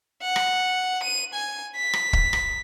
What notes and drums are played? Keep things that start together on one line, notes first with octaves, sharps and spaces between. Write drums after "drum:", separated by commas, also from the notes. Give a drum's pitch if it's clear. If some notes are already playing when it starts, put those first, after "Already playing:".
F#5
drum: rim click
D#7
G#5
B6
drum: rim click
drum: kick
drum: rim click